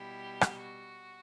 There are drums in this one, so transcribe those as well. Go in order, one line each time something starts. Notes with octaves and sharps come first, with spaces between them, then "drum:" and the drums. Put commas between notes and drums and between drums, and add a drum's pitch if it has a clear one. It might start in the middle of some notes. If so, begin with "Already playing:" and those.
Already playing: B2 G3 E4 G4
drum: rim click
F#4